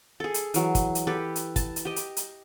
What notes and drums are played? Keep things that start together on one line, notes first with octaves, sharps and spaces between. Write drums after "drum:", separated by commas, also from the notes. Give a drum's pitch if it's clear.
G#4 A4
drum: hi-hat
E3 F#3, drum: hi-hat
drum: kick, hi-hat
drum: hi-hat
G4 A4 B4
drum: hi-hat
A5, drum: kick, hi-hat
drum: hi-hat
G4 D#5
drum: hi-hat
drum: hi-hat